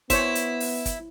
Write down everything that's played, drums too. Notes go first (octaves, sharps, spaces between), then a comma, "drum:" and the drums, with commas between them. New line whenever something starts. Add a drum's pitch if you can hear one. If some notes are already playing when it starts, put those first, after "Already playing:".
B3 E4 C5 C#5 E5, drum: kick, hi-hat
drum: hi-hat
drum: open hi-hat
drum: kick, hi-hat